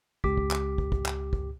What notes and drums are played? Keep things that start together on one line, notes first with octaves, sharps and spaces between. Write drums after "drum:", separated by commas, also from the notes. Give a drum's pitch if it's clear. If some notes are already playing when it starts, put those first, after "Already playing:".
C#2 G4 D6 B6, drum: kick
drum: kick
drum: clap
drum: kick
drum: kick
drum: clap
drum: kick